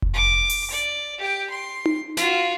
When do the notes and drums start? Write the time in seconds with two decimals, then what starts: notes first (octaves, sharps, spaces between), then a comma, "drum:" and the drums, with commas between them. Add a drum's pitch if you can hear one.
0.02 drum: kick F1
0.14 D6
0.50 drum: open hi-hat
0.70 D5
1.19 G4 G5
1.50 C6
1.86 drum: tom D#4
2.17 F4 F#4, drum: snare